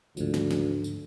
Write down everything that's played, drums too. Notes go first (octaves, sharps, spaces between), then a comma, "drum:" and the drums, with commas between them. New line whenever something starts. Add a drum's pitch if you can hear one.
D2 G#2 C#3 F3, drum: tambourine
drum: snare
drum: snare
drum: tambourine